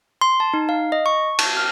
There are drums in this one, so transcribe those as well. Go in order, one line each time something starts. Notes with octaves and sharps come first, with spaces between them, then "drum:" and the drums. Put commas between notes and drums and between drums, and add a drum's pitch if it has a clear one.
C6
A5
D#4
F5
D#5
C#6
A5, drum: cymbal
F6